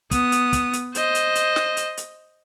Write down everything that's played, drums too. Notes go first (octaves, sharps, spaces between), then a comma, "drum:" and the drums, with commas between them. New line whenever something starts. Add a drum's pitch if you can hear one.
B3 D#6, drum: kick, hi-hat
drum: hi-hat
drum: kick, hi-hat
drum: hi-hat
C5 D#5, drum: hi-hat
drum: hi-hat
drum: hi-hat
drum: snare
drum: hi-hat
drum: hi-hat